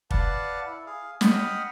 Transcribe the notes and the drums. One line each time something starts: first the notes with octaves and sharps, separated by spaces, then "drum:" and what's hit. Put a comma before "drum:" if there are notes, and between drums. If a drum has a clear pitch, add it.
B4 D5 F5 F#5 A5, drum: kick
E4
G#4 F5
D#5 F#5 G5 B5 D#6 F6, drum: snare